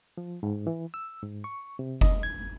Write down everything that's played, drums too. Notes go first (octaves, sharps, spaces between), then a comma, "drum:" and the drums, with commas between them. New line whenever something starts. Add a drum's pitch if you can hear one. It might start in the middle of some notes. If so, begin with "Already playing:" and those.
F3
G#2
E3
E6
G#2
C#6
C3
D#5, drum: kick F#1
G#6